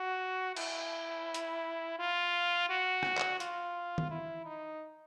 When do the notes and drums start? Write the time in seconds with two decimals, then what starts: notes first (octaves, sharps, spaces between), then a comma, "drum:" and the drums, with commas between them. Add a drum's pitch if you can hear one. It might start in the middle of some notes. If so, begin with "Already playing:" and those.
Already playing: F#4
0.57 E4, drum: cymbal
1.34 drum: hi-hat
1.99 F4
2.69 F#4
3.03 drum: rim click
3.17 drum: clap
3.40 F4, drum: hi-hat
3.98 drum: tom D#3
4.11 E4
4.46 D#4